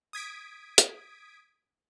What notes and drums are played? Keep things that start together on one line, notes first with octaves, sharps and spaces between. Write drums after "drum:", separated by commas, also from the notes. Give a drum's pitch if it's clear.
D#6 G#6 B6 D7
drum: hi-hat